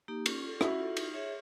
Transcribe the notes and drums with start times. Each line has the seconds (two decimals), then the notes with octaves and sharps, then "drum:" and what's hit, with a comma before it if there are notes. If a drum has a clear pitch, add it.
0.08 A#3 D#4 G4
0.26 C#4, drum: cymbal
0.43 F4 A4
0.61 C#4 E4 F#4, drum: rim click
0.78 F4 A4
0.97 D#4, drum: cymbal
1.14 G#4 C#5 E5